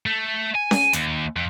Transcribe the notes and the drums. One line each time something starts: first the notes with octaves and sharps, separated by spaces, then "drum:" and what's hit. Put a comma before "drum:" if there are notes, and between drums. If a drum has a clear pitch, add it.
A3
G#5
drum: snare C#4
D#2, drum: hi-hat
F2